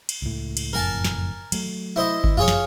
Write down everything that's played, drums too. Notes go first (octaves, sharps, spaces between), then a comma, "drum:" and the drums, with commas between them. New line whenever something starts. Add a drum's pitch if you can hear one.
drum: cymbal
C#2 A2
drum: cymbal
F#1 F2 A2 A#4 G#5 A5
drum: snare
F#3 A3, drum: cymbal
E4 C5 D#5
drum: kick G1
F#2 F3 F4 G#4 C#5
drum: snare